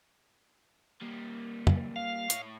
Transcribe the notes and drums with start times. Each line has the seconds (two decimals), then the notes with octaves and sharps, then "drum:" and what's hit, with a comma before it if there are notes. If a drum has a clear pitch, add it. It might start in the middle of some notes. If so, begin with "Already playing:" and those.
1.02 G3 A#3
1.67 drum: tom
1.96 F5
2.30 A2 C#5, drum: hi-hat